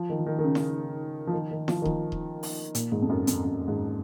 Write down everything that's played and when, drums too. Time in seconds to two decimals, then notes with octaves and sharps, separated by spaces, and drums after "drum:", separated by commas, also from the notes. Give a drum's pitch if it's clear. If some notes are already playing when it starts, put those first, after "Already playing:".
Already playing: F3
0.09 D#3
0.19 F3
0.26 D#3
0.39 D#3
0.44 C#3
0.55 drum: snare E4
1.27 F3
1.32 D#3
1.51 D#3
1.68 F3, drum: snare E4
1.82 D#3
1.85 F3, drum: kick D#1
2.12 drum: kick D#1
2.43 drum: open hi-hat
2.75 A#2, drum: hi-hat
2.92 G#2
3.02 F2
3.10 F#2
3.27 F2, drum: hi-hat
3.45 F#2
3.68 G#2